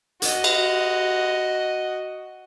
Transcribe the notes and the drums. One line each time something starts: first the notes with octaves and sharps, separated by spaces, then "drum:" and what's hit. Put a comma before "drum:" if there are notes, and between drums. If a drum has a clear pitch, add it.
F#4 D#5, drum: hi-hat
drum: cymbal